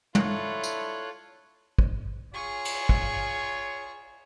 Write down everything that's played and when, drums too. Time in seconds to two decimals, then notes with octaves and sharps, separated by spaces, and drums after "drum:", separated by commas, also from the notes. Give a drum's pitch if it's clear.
0.15 D4 E4 F4 A4 C#5 F#6, drum: tom
0.64 drum: tambourine
1.79 drum: kick
2.33 F4 G#4 C#5 C#6
2.65 drum: cymbal
2.89 drum: kick